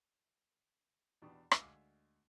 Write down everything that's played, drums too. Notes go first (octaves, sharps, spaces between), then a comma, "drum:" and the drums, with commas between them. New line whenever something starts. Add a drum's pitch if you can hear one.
E2 B2 D4 G4 C#6 D#6
D2 G#3 E5 F5 G#5 F6, drum: rim click